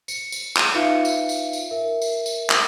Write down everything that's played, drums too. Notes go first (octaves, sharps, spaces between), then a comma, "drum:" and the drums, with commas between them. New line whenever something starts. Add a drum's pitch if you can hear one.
C#7, drum: tambourine
drum: tambourine
drum: clap
D#4 F4 B4 E5 F5 C#7
drum: tambourine
drum: tambourine
drum: tambourine
A#4 E5
drum: tambourine
drum: tambourine
drum: clap